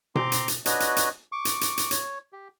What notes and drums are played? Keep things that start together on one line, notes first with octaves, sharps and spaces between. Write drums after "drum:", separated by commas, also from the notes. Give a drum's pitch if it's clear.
C4 A#5 C6 D6, drum: tom B2
drum: hi-hat
drum: hi-hat
D4 F#4 B4 C#5 D#5, drum: hi-hat
drum: hi-hat
drum: hi-hat
C#6 D6
drum: hi-hat
drum: hi-hat
drum: hi-hat
C#5, drum: hi-hat
G4